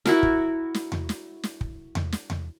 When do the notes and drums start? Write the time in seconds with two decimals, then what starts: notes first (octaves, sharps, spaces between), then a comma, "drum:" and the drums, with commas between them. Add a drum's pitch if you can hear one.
0.05 E4 F#4 A#4, drum: snare
0.23 drum: kick
0.74 drum: snare
0.92 drum: tom E2
1.09 drum: snare
1.43 drum: snare
1.61 drum: kick
1.95 drum: tom E2
2.12 drum: snare
2.30 drum: tom E2